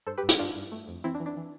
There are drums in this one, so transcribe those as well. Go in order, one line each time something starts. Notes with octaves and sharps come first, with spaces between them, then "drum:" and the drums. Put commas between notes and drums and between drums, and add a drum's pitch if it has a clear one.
G2 A4 C5
G4 B4
G2
E4 G4, drum: hi-hat
G2 D4 F4
G2
A3
F2
E3 C4 E4
D4
E3
D4
E3